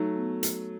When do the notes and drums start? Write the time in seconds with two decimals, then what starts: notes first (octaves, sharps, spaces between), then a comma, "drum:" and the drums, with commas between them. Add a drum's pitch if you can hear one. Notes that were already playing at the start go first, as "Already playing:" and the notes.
Already playing: F#3 A3 D#4
0.16 B3
0.43 drum: hi-hat